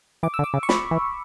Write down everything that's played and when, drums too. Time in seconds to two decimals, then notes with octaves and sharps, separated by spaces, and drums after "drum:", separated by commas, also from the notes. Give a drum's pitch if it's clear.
0.23 E3 D6
0.34 E6
0.39 D3
0.44 D6
0.54 C#3
0.63 C#6
0.69 B5, drum: snare
0.91 E3